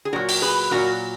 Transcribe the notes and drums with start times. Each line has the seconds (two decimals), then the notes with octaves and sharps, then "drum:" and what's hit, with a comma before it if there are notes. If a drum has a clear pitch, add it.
0.05 G#4
0.13 A#2 F#3 F#4 A#4
0.29 drum: open hi-hat
0.42 G#4 B4
0.71 A#2 F#3 F#4 A#4